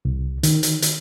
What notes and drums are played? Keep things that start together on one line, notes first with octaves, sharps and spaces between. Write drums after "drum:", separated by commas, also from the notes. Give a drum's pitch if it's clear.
C2
D#3, drum: hi-hat
drum: hi-hat
drum: hi-hat